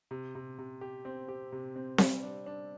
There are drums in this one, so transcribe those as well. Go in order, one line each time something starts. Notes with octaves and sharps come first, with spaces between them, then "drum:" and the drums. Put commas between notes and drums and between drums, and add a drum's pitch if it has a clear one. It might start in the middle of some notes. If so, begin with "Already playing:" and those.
C3
C3
C3
G4
C4
G4
C3
C4
G3, drum: snare C4
D4
D4